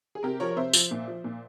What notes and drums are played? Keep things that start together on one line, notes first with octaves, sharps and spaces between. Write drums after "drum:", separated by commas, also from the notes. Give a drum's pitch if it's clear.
G#4
C3 G4 A#4
F3 A#4 C#5
C#5
C3 C5 E5
F3, drum: tambourine
A#2
F3
A#2